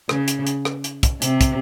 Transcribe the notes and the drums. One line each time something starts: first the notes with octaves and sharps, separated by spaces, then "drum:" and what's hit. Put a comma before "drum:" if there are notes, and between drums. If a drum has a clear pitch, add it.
C#3, drum: rim click
drum: hi-hat
drum: hi-hat
drum: rim click
drum: hi-hat
drum: kick, hi-hat
C3, drum: hi-hat
drum: kick, hi-hat